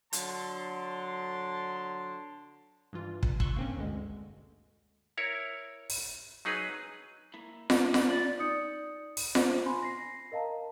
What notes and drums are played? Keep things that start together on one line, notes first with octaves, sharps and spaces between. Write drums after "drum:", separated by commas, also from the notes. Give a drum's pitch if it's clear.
D3 F#3 A5 C6, drum: hi-hat
G2 E3 F4
drum: kick
C6 C#6 E6 F#6, drum: kick
A#3 C4 C#4
D2 G2 D3 G#3
E4 A#4 C#5
drum: open hi-hat
F#3 D#4 G#4 B4
A#3 E4
D#2, drum: snare F4
E4 D5, drum: snare F4
D5 B5
D#4 D5 D#6 G6 C#7
drum: open hi-hat
C5, drum: snare F4
G#5 B5 C6
A#6 C7
A#4 D#5 F5 A5 A#5